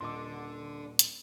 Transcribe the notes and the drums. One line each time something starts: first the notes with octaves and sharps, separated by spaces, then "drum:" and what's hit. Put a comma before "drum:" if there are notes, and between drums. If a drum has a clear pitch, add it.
D#1 D4 A4 D#5 C6 D6 E6
drum: hi-hat